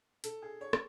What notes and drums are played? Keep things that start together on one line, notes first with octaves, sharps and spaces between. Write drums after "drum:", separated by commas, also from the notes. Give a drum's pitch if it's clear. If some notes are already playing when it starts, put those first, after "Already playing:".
A4, drum: hi-hat
G#4
C#5
drum: rim click